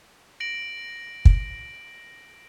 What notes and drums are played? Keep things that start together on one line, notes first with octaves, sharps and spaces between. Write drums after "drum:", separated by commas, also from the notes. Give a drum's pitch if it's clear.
A#6 D7 F#7
drum: kick